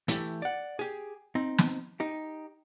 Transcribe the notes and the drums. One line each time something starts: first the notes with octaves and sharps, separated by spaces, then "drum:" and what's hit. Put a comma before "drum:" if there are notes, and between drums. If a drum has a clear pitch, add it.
E3 A3 E4 G4, drum: hi-hat
D5 F#5
G4 G#4
C4 D#4
drum: snare
D#4 G4